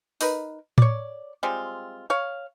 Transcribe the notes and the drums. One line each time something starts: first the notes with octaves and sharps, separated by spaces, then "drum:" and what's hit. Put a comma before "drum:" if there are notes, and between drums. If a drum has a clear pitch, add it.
D#4 A#4 B4, drum: open hi-hat
C#5 D5, drum: tom A2
G3 G#3 C4 F4
C#5 F5